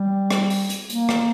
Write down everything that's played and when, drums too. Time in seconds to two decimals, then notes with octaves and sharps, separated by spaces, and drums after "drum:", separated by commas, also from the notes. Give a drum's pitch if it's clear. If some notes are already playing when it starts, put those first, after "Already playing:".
Already playing: G3
0.31 drum: rim click
0.50 drum: open hi-hat
0.70 drum: hi-hat
0.89 A#3, drum: hi-hat
1.09 drum: rim click